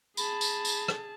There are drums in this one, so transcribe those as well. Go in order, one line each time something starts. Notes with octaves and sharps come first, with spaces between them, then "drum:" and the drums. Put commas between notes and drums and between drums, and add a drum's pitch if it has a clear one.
G#4 A5 B5, drum: tambourine
drum: tambourine
drum: tambourine
drum: rim click